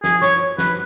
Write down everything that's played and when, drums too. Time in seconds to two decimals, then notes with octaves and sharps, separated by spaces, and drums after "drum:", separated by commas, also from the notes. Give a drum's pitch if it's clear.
0.04 G#4, drum: snare
0.22 C#5, drum: snare
0.58 B4, drum: snare